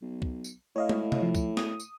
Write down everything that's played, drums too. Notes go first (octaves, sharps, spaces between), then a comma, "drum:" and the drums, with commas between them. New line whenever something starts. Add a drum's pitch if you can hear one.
B1
drum: kick
drum: tambourine
A2 C#5 D#5 F5
drum: tom
drum: tom
F3
drum: kick, tambourine
D#6, drum: snare
drum: tambourine